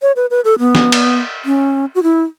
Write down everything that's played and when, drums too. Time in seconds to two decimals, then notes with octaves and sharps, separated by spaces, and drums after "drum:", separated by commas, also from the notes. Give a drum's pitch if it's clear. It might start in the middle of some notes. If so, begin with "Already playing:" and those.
0.02 C#5
0.16 B4
0.31 B4
0.45 A4
0.59 B3
0.75 drum: snare
0.92 drum: cymbal
1.45 C#4
1.95 F#4
2.03 E4